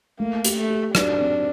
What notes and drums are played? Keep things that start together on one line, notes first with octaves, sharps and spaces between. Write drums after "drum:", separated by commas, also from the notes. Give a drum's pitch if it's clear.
A3 A#3
G4, drum: hi-hat
A3
G4
F#3 D4, drum: rim click
C4